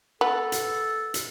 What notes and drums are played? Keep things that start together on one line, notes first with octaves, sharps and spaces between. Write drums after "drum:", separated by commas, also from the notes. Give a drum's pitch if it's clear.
B3 A4
drum: hi-hat
drum: hi-hat